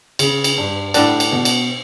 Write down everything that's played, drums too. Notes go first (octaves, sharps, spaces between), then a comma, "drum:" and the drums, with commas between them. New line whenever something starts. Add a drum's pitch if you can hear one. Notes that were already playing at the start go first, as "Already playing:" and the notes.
C#3, drum: cymbal
drum: cymbal
G2
A2 D3 G3 D4, drum: cymbal
drum: cymbal
B2
drum: cymbal